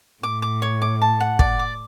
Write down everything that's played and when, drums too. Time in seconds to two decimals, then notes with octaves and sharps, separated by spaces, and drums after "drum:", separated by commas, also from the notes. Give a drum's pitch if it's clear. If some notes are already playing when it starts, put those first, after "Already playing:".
0.23 A2 D6
0.42 D6
0.62 C#5
0.82 D6
1.02 A5
1.20 F#5
1.39 D5, drum: kick
1.59 D6